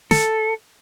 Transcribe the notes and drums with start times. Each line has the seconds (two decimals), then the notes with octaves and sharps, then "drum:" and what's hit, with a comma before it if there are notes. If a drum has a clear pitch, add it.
0.11 A4, drum: snare